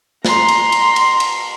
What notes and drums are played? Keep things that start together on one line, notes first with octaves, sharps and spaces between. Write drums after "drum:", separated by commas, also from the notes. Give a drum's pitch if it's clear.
A#5 C6, drum: snare
drum: cymbal
drum: cymbal
drum: cymbal
drum: cymbal